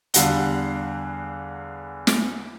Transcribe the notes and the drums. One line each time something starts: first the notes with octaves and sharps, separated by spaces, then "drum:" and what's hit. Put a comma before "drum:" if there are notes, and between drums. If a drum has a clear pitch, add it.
E2 D3 G3 F5 F#5 G7, drum: hi-hat
drum: snare